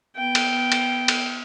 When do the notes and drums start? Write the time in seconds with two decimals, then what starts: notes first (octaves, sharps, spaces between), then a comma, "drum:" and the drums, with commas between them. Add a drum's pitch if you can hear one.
0.17 B3 G5
0.35 drum: cymbal
0.72 drum: cymbal
1.08 drum: cymbal